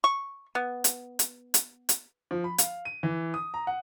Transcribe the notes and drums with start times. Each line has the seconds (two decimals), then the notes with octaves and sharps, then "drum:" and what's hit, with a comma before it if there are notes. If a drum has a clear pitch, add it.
0.04 C#6
0.55 B3
0.84 drum: hi-hat
1.19 drum: hi-hat
1.54 drum: hi-hat
1.89 drum: hi-hat
2.31 F3
2.44 B5
2.58 F5, drum: hi-hat
2.85 D#7
3.03 E3
3.34 D#6
3.54 A#5
3.67 F#5